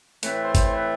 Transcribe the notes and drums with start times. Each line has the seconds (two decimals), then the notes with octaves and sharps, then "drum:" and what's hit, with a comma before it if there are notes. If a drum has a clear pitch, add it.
0.23 A2 E3 A3 C4 B4, drum: hi-hat
0.33 B4
0.44 C5
0.55 C5, drum: kick G#1, hi-hat
0.65 C5
0.76 B4